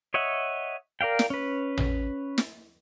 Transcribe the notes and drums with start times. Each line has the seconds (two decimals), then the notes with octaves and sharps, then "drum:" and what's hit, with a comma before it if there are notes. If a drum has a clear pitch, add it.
0.14 C#5 D#5 E5 F#5
1.01 A#4 D5 F5 G5
1.19 drum: snare
1.30 C#4 B4
1.77 drum: tom A1
2.38 drum: snare